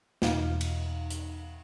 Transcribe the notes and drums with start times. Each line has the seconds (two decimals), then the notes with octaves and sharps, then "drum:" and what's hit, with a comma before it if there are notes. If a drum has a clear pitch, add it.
0.22 E2 B2 D#4 F5, drum: snare
0.61 drum: cymbal
1.10 drum: hi-hat